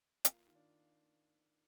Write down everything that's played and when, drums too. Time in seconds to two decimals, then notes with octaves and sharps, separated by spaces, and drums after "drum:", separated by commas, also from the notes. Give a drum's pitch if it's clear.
0.25 A#3 F4, drum: hi-hat
0.47 D#3
0.55 D4